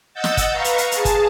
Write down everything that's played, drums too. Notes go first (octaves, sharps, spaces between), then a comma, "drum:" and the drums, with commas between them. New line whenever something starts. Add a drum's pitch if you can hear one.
D#5 F#5 E6 G6 A6
drum: snare
drum: kick, hi-hat
B4 F5 A#5 C#6
drum: hi-hat
drum: hi-hat
G#4 A5, drum: hi-hat
drum: kick, hi-hat